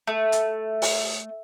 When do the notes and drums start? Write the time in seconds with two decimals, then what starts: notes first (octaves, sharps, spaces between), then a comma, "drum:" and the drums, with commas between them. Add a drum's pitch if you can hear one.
0.07 A3
0.32 drum: hi-hat
0.82 drum: open hi-hat